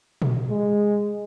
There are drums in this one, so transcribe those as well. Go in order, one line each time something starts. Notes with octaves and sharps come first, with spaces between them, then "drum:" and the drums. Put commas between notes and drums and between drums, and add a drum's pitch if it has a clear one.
drum: tom
G#3